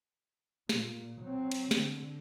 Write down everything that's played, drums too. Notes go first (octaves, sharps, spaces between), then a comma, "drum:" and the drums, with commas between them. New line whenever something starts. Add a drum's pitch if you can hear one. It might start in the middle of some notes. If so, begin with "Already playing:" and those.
A#2, drum: snare
F#3 C4
drum: cymbal
D3, drum: snare